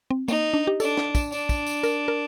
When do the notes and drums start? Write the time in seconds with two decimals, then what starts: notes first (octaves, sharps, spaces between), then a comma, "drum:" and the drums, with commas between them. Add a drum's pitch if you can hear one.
0.11 C4
0.28 A#3 D#4, drum: tambourine
0.54 D4
0.67 G4
0.80 D4 A4, drum: tambourine
0.97 drum: snare
1.15 drum: kick, tambourine
1.32 D4, drum: tambourine
1.49 drum: kick, tambourine
1.67 drum: tambourine
1.83 A#4, drum: tambourine
2.08 A#4